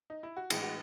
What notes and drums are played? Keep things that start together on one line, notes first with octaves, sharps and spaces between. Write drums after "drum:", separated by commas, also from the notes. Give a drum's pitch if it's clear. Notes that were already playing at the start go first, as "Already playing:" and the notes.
D#4
E4
F#4
A2 E3 G#3 G#4, drum: cymbal
F#4